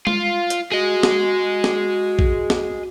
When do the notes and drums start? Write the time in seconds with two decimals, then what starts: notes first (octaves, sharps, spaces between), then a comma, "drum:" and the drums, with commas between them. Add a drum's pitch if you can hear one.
0.07 F4, drum: tom G#3
0.50 drum: hi-hat
0.72 F#4 G#4 D#5
1.03 drum: snare
1.64 drum: snare
2.19 drum: kick
2.50 drum: snare